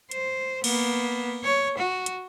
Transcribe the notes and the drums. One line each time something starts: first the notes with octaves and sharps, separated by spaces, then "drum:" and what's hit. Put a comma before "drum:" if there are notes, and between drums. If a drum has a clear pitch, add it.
C5, drum: hi-hat
A#3 B3, drum: cymbal
C#5
F#4
drum: hi-hat